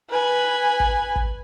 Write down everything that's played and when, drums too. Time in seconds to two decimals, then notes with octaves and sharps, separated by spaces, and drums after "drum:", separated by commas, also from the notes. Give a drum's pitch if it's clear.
0.10 B4 G#5
0.80 drum: kick
1.16 drum: kick